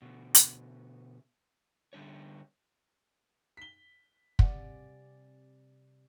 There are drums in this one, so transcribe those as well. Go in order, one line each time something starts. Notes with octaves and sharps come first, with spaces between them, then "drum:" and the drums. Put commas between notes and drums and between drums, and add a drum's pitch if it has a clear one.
B2 D3
drum: hi-hat
D3 G3 D4 C#5
B6 G7
C3 G3 D5 F#5 G#5, drum: kick